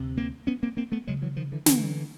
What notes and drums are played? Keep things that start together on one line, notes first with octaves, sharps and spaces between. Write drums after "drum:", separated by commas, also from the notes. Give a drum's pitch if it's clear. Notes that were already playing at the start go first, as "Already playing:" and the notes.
Already playing: D2 C3
A#3 C4
B3 C#4
A#3 C4
A#3 C4
A3 B3
D2 C#3 F#3 G#3
E3 F#3
D#3 F3
D3 E3
D3 E3, drum: snare